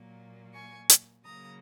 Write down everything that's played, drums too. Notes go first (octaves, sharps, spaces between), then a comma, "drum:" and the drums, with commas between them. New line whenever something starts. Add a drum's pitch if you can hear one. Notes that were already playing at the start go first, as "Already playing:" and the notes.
Already playing: A#2 F#3 A#3
G#5 C#6
drum: hi-hat
C#3 F#3 A#3 A#5 D#6